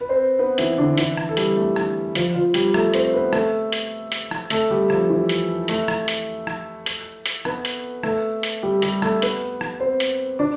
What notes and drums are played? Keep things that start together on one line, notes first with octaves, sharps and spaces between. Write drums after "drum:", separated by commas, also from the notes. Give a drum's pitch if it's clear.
B4
C4 C5
B3 B4
E3 E4, drum: hi-hat
D3 D4
E3 E4, drum: hi-hat
drum: rim click
A4
G3 G4, drum: hi-hat
A3 A4
drum: rim click
F3 F4, drum: hi-hat
F3 F4
G3 G4, drum: hi-hat
A3 A4, drum: rim click
C4 C5, drum: hi-hat
B3 B4
A3 A4, drum: rim click
drum: hi-hat
drum: hi-hat
drum: rim click
A3 A4, drum: hi-hat
G3 G4
F3 F4, drum: rim click
E3 E4
drum: hi-hat
A3 A4, drum: hi-hat
drum: rim click
drum: hi-hat
drum: rim click
drum: hi-hat
drum: hi-hat
B3 B4, drum: rim click
drum: hi-hat
A3 A4, drum: rim click
drum: hi-hat
G3 G4
G3 G4, drum: hi-hat
A3 A4, drum: rim click
B3 B4, drum: hi-hat
drum: rim click
C4 C5
drum: hi-hat
D4 D5